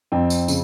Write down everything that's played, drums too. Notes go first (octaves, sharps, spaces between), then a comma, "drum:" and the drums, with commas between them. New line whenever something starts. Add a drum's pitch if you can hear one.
F2 C4
drum: tambourine
C#3, drum: tambourine